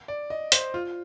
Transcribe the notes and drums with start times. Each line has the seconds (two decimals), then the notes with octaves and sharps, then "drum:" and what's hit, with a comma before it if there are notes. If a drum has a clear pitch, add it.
0.08 D5
0.30 D#5
0.52 C5, drum: hi-hat
0.74 F4